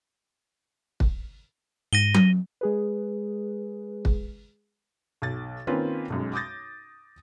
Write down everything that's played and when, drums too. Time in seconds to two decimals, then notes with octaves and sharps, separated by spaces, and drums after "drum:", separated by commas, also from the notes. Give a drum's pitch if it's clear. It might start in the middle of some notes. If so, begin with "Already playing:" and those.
1.00 drum: kick
1.93 G#2 A#6 D#7 G7
2.14 drum: tom F#3
2.61 G#3 G#4 B4
4.05 drum: kick
5.22 B1 A6
5.67 D#3 A#3 C4 C#4 F4 B4
6.10 B1 F#2 G#3
6.33 D6 D#6 G6 A6 A#6